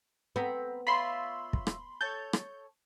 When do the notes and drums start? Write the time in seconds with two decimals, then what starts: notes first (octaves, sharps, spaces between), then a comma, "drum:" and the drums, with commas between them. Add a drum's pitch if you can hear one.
0.36 B3 C4 A#5 B5
0.87 F4 C#5 E5 B5 C6
1.53 drum: kick
1.67 drum: rim click
2.01 A4 C#5 G6
2.33 drum: rim click